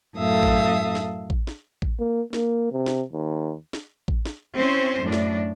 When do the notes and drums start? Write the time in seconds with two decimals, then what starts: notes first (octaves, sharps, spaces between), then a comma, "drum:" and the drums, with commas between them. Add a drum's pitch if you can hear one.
0.16 F#2 A2 A4 E5 F5 D#6
0.43 drum: kick A1
0.95 drum: snare
1.30 drum: kick A1
1.47 drum: snare
1.82 drum: kick A1
1.99 A#3
2.33 A#3, drum: snare
2.72 C3
2.86 drum: snare
3.12 D#2
3.73 drum: snare
4.08 drum: kick A1
4.25 drum: snare
4.57 C4 C#4 E4 C5
5.03 F#2 A2 D4
5.12 drum: snare